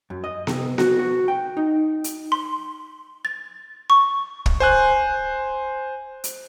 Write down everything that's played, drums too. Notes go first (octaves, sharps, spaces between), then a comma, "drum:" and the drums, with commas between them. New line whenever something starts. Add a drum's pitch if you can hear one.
F#2
D#5
C3, drum: snare B3
F#4, drum: snare B3
F#4
G5
D#4
drum: hi-hat
C6
A6
C#6
drum: kick
C5 G#5 F#6
drum: hi-hat